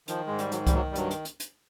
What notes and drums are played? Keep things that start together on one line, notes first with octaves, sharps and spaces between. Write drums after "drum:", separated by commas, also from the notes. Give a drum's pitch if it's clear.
D#3 F3, drum: hi-hat
G#2 G#3
G3, drum: hi-hat
D#3 F#3, drum: hi-hat
G3, drum: kick C2, hi-hat
D#3 F#3
G3
G2 F#3, drum: hi-hat
drum: hi-hat
drum: hi-hat
drum: hi-hat